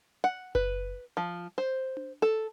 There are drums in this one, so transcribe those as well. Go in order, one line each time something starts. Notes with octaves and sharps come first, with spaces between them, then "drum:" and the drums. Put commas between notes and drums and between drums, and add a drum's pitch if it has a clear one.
F#5
B4, drum: kick F#1
F3
C5
drum: tom D4
A4